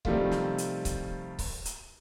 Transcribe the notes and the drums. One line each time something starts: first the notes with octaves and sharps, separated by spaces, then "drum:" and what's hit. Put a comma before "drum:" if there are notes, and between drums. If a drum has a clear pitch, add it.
C3 D#3 F3 G3 A3 F4, drum: kick C#1
drum: snare
drum: hi-hat
drum: kick C#1, hi-hat
drum: kick C#1, open hi-hat
drum: hi-hat